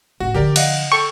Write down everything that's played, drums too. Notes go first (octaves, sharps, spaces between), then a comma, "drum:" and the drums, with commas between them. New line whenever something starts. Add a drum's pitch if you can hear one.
A1 F#4
D3 F3 G4 A#4 D5
D#5 F5 F#5, drum: cymbal
A4 G5 C#6